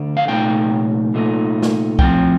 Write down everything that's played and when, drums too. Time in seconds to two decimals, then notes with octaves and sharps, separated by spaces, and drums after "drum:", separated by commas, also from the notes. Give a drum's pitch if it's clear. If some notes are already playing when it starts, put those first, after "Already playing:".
Already playing: D2 D3 D4
0.17 F5
0.28 C2 A#2 A3 D#4 G5
1.14 C2 A#2 A3 D#4
1.62 drum: snare
1.99 A2 F3 C4 G5, drum: kick C2